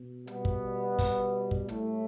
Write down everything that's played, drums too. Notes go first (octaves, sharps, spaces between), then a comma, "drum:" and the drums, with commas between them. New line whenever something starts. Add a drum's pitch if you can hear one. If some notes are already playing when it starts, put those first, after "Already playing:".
Already playing: B2
B2 G3 B3, drum: hi-hat
drum: kick
B2 G3, drum: kick, open hi-hat
drum: kick
A2 G3 A3, drum: hi-hat